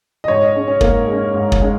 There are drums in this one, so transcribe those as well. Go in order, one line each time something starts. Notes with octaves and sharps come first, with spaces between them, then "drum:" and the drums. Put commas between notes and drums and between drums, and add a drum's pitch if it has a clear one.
D#5
G#2 C#5
D#5
G#3 C#4
C#4
G#2 A#3, drum: kick
G#3
C#4
G#2
drum: kick
G#3 C#4